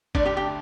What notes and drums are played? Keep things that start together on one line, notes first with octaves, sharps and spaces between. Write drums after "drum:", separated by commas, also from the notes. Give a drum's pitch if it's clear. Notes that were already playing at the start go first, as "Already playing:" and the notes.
D3 A3 D4 D5, drum: kick, cymbal
G4 G5
G4 G5